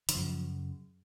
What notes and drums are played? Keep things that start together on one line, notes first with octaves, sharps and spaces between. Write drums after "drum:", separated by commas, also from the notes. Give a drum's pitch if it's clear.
D#3, drum: hi-hat
F#2 C#3 F3